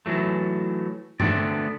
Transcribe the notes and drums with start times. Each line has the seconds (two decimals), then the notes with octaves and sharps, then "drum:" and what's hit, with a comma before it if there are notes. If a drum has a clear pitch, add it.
0.06 E3 F#3 A3
1.20 D3 A3 B3 C4 D5, drum: tom G2